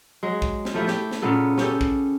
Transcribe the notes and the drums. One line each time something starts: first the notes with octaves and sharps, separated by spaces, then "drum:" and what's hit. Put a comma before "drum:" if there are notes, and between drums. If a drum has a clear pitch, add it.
F#3 G#3
drum: kick
drum: snare
F3 A3 E4 G4
G4, drum: snare
drum: snare
A#2 C#3 B3 A4
C#4 G4 A4, drum: snare
drum: kick